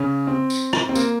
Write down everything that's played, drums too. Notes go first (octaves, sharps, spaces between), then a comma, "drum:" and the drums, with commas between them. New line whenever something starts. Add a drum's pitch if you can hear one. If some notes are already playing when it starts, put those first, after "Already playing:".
Already playing: C#3 C#4
C4
drum: tambourine
drum: rim click
C4
A#3, drum: tambourine